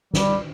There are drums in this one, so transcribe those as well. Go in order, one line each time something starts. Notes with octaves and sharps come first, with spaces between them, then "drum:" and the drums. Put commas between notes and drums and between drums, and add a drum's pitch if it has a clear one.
G3, drum: snare